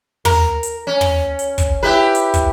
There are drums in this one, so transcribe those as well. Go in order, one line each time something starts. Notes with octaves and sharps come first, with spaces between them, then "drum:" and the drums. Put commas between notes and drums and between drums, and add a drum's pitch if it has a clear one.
A#4, drum: tom
drum: hi-hat
C#4
drum: tom
drum: hi-hat
drum: kick, hi-hat
E4 G4 B4
drum: hi-hat
drum: kick, hi-hat